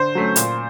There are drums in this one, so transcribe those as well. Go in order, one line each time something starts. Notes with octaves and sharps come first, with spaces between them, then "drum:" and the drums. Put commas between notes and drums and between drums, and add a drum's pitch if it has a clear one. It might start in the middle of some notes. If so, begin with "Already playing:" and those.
Already playing: D3 C5
F#3 A3 C#4
A#2, drum: hi-hat